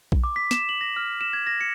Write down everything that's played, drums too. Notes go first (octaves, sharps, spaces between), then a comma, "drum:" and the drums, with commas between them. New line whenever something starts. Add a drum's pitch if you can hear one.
drum: kick B1
D6
B6
E7, drum: snare
F#7
A#6
F6
E7
G#6
A#6
C#7